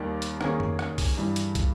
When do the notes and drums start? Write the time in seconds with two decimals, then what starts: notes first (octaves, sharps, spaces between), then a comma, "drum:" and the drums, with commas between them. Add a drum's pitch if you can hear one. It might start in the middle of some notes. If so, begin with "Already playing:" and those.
Already playing: D#2 D#3 G3 A#3
0.22 drum: hi-hat
0.41 D#3 A#3 C#4 G#4, drum: rim click
0.60 drum: tom F2
0.79 drum: rim click
0.98 drum: kick, open hi-hat
1.18 G2 E3 G3
1.36 drum: hi-hat
1.55 drum: kick, hi-hat